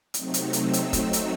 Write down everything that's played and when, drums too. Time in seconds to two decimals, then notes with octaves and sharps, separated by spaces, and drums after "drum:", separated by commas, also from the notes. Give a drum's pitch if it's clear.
0.14 C3 F#3 A3 C4 D#4, drum: hi-hat
0.34 drum: hi-hat
0.53 E6, drum: hi-hat
0.73 drum: hi-hat
0.93 F#3 A3 C4 D#4 E6, drum: kick, hi-hat
1.13 drum: hi-hat